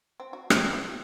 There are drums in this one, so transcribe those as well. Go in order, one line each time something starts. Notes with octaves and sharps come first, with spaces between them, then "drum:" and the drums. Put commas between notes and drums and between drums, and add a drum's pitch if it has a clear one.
C4
F#4
G5, drum: rim click
E4